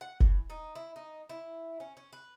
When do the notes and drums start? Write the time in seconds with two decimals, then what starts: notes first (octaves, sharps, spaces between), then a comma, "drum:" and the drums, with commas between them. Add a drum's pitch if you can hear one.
0.01 F#5
0.20 E3, drum: kick F#1
0.50 D#4
0.75 E4
0.96 D#4
1.29 E4
1.80 C#4
1.97 C#4
2.13 B4